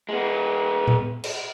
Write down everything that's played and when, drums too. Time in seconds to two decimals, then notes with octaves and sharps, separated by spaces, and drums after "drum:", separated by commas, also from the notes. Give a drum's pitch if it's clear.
0.09 G#3 B3
0.88 drum: tom A#2
1.24 drum: cymbal